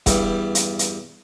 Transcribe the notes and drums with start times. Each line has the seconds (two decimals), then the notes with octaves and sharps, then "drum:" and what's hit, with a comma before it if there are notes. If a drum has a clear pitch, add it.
0.06 E2 G2, drum: kick, hi-hat
0.55 drum: hi-hat
0.79 drum: hi-hat